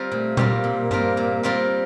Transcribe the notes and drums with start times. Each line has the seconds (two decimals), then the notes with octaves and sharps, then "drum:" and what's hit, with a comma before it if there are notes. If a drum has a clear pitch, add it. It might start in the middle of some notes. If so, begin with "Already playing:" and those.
Already playing: G3 C4 F4 A#4
0.12 A#2 A3
0.37 G3 A#3 C4 F4 A#4, drum: tom A#2
0.64 A#2
0.91 G3 C4 F4 A#4, drum: tom G2
1.17 A#2
1.43 G3 C4 F4 A#4